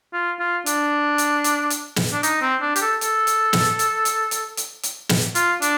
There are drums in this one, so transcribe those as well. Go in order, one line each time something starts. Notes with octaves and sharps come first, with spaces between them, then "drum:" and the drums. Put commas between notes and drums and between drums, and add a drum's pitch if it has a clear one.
F4
F4
D4, drum: hi-hat
drum: hi-hat
drum: hi-hat
drum: hi-hat
drum: snare
D4
D#4, drum: hi-hat
C4
D4
G4, drum: hi-hat
A4
A4, drum: hi-hat
drum: hi-hat
drum: snare
drum: hi-hat
drum: hi-hat
drum: hi-hat
drum: hi-hat
drum: hi-hat
drum: snare
F4, drum: hi-hat
D4, drum: hi-hat